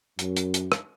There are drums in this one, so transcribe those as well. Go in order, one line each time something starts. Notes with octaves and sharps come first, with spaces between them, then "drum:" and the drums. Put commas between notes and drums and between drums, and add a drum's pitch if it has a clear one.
F#2, drum: hi-hat
drum: hi-hat
drum: hi-hat
drum: rim click